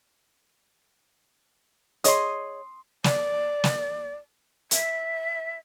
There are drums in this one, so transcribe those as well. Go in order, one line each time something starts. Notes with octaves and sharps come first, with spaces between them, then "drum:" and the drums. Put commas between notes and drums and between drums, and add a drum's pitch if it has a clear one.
G#4 C#5 D#5 C6 D#6, drum: hi-hat
D5, drum: snare
drum: snare
E5, drum: hi-hat